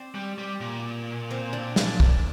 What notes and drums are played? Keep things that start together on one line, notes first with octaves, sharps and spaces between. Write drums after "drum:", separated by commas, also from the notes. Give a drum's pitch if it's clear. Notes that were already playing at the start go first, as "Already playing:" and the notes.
Already playing: C4 C5 D5
G3
G3
A#2
C4 C5
D4 D5
D4 D5, drum: snare
D4 D5, drum: kick